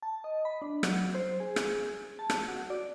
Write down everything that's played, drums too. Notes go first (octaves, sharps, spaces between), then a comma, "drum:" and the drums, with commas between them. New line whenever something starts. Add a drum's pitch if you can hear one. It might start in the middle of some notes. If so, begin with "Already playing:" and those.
A5
D#5
B5
D4
F#3, drum: rim click
C5
G#4
drum: rim click
A5
drum: rim click
F#4
D5